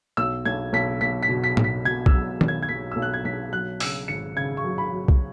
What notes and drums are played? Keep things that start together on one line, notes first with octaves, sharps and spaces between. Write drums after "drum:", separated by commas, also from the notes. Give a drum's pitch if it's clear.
B1 E6
B1 G#6
B1 B6
B1 B6
B6
B2
B6
B1, drum: tom
B6
B2 G#6
E6, drum: kick B1
F#3
B1, drum: tom
G#6
G#6
B1 B6
B1 E6
F#6
G#6
B1 B6
F#3 F#6
C#3 E6, drum: open hi-hat
G#1 C#7
C#3 G#6
C#6
F#3
B5
F#3
drum: kick B1